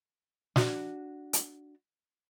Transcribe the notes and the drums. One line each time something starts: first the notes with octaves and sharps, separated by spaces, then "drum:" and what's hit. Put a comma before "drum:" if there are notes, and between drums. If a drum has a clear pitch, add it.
D4 F#4, drum: snare
drum: hi-hat